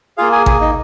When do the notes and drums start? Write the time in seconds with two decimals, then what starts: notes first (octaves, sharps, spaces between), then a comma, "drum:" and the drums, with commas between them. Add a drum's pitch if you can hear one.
0.18 A#3 F4 G#4 F5
0.32 G#4 G#5
0.46 G#4 G#5, drum: kick G#1
0.61 D#4 D#5